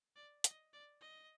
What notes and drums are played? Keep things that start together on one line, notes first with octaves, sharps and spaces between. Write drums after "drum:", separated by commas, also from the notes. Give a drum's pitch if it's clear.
D5
D#5, drum: hi-hat
D5
D#5